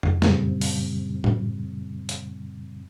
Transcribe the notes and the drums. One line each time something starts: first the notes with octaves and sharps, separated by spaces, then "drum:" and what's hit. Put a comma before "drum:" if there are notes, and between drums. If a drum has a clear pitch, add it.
drum: tom F2
F#2 A#2 C#3 G3 C4, drum: snare
drum: open hi-hat
drum: tom A2
drum: hi-hat